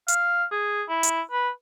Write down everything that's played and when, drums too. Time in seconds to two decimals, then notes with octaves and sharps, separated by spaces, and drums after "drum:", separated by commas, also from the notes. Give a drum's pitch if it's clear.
0.08 F5, drum: hi-hat
0.52 G#4
0.89 E4
1.03 drum: hi-hat
1.32 B4